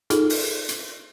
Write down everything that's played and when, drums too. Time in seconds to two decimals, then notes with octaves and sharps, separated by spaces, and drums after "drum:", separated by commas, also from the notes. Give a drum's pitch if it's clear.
0.10 D#4 F4 G#4 A4, drum: hi-hat
0.30 drum: open hi-hat
0.69 drum: hi-hat